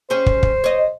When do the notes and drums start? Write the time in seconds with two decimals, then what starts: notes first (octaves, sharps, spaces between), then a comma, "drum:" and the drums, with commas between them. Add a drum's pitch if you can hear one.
0.10 C#4 G4 G#4 C5
0.26 drum: kick
0.43 drum: kick
0.64 C#5 D#5